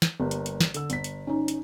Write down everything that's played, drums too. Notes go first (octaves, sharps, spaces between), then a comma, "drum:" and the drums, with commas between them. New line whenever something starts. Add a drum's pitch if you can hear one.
drum: snare
G1 G3 A#3
drum: hi-hat
drum: hi-hat
drum: snare
D3 E6, drum: hi-hat
G1 B6, drum: hi-hat
drum: hi-hat
C#4 D#4
drum: hi-hat